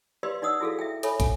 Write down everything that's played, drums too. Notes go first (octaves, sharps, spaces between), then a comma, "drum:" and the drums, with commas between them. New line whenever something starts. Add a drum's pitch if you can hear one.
G4 B4 D5 F5 C6
D#4 D5 F#5 D#6 E6
E4 F#4 G#4 A4 F5
E5 G5
A4 C#5 E5 G#5 B5, drum: hi-hat
G#5, drum: kick, hi-hat